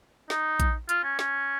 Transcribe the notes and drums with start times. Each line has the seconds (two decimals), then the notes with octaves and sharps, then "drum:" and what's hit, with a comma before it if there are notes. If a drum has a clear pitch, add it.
0.30 D#4, drum: snare
0.60 drum: kick A#1, hi-hat
0.89 F4, drum: hi-hat
1.04 C#4
1.19 C#4, drum: snare